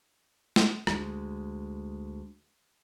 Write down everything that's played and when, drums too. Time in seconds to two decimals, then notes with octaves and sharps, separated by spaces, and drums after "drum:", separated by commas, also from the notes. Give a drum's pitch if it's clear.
0.56 drum: snare
0.87 D2 G#3, drum: rim click